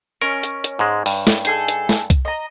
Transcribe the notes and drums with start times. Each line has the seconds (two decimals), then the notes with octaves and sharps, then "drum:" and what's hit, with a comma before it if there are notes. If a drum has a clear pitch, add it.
0.22 C#4 A#4 D#5
0.43 drum: hi-hat
0.64 drum: hi-hat
0.79 G#2 G#3
1.06 G2, drum: open hi-hat
1.27 drum: snare
1.45 D#4 G#4 A4, drum: hi-hat
1.68 drum: hi-hat
1.89 drum: snare
2.10 drum: kick C2, hi-hat
2.25 D#5 A#5